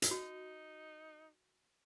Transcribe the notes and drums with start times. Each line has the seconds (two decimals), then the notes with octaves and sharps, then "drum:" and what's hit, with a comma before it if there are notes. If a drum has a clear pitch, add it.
0.02 drum: hi-hat
0.11 D#4 F#4